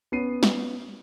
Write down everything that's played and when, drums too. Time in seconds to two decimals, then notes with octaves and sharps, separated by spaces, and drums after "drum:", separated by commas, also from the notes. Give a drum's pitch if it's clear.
0.12 B3 C#4 C#5 C7 D#7
0.43 drum: snare